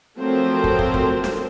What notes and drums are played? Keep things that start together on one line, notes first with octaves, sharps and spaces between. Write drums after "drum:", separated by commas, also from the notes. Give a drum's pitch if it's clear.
F3 F#3 A3 C4 A#4 C5
drum: kick
drum: kick
drum: kick
drum: snare